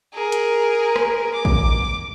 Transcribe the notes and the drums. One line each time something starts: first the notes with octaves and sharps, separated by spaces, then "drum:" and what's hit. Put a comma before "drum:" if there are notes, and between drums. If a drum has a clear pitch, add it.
G#4 A#4
drum: hi-hat
drum: rim click
D6
drum: kick